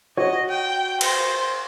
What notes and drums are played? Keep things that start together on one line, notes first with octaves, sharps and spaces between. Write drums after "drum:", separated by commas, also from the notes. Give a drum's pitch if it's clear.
F#4 C#5 D#5
G5
C5, drum: cymbal